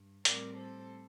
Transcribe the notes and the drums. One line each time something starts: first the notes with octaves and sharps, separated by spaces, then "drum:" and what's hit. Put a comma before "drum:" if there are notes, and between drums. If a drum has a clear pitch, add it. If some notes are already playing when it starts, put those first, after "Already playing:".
Already playing: G2
A2 G3 C4 A#4 D5, drum: hi-hat
A4 C5